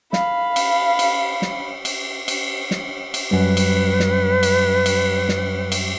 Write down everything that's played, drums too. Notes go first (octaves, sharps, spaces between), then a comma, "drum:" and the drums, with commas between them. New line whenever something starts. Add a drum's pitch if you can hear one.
F5 B5, drum: snare
drum: cymbal
drum: cymbal
drum: snare
drum: cymbal
drum: cymbal
drum: snare
drum: cymbal
F#2 F#3 G3 B4
drum: cymbal
drum: snare
drum: cymbal
drum: cymbal
drum: snare
drum: cymbal